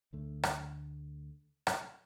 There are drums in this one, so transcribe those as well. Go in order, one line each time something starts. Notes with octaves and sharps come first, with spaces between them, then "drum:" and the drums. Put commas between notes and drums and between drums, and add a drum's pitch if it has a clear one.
D2 D3 A3
drum: rim click
drum: rim click